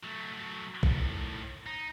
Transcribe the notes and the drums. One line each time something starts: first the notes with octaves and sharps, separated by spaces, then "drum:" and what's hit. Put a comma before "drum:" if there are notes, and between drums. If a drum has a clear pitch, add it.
F#3 A3
A2 D#3, drum: kick A#1
D#4